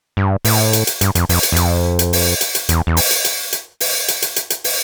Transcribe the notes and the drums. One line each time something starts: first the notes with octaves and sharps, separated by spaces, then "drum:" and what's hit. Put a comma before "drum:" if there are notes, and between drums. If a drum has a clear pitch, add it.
G2
A2, drum: open hi-hat
drum: hi-hat
drum: hi-hat
G2, drum: hi-hat
F2, drum: hi-hat
F2, drum: open hi-hat
drum: hi-hat
E2
F2, drum: hi-hat
drum: hi-hat
drum: open hi-hat
drum: hi-hat
drum: hi-hat
E2, drum: hi-hat
E2
drum: open hi-hat
drum: hi-hat
drum: hi-hat
drum: hi-hat
drum: open hi-hat
drum: hi-hat
drum: hi-hat
drum: hi-hat
drum: hi-hat
drum: open hi-hat